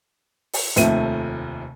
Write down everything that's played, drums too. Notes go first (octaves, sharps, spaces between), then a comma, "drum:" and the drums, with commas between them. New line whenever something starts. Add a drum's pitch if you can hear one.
drum: open hi-hat
F1 D#2 F3 A3 D#7, drum: hi-hat